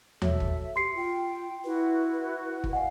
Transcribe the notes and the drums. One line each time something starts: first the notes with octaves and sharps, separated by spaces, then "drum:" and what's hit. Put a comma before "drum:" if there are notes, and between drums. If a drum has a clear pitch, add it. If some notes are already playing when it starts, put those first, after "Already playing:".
F#4 A4 C#5 E5, drum: tom D#2
drum: kick G1
G4 C6 C7 C#7
F4 G5
E4 F#4 B4
drum: kick G1
D#5 F5 F#5 G#5